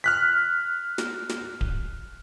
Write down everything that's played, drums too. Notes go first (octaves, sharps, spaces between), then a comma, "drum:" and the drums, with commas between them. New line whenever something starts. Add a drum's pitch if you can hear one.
F6 F#6 B6
drum: snare
drum: snare
drum: kick D1